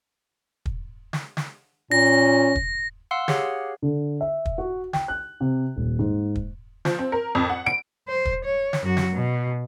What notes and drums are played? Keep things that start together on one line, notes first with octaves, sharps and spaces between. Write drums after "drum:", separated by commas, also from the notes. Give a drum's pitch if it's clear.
drum: kick
drum: snare
drum: snare
A#2 C#4 A#6
drum: kick
F5 F#5 C6 E6
G4 G#4 C#5 F5 F#5, drum: snare
D3
E5
drum: kick
F#4
G5, drum: snare
F#6
C3
D#1
G#2
drum: kick
F3, drum: snare
C4
A#4
F2
F#5
D7
C5
drum: kick
C#5
drum: snare
F#2 F#4
drum: snare
B2